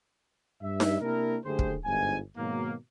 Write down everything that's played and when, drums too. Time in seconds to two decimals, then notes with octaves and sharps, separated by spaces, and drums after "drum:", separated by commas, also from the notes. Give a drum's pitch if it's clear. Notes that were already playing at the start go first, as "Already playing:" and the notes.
0.61 G2 E5
0.80 drum: snare D#4
1.00 C3 A#3 D4 E4 G4 A#4
1.44 F#1 D3 A3 G4 G#4 C5
1.59 drum: kick
1.85 G1 G#2 G#5
2.37 G#2 B2 D#3 F#3 A#3